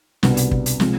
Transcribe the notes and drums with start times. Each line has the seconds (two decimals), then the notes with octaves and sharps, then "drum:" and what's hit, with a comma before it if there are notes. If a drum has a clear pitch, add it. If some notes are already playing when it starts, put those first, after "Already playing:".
0.23 C2 B2 G3 B3 D4, drum: snare
0.37 drum: hi-hat
0.51 drum: kick
0.66 drum: hi-hat
0.80 C3 F3 G#3, drum: snare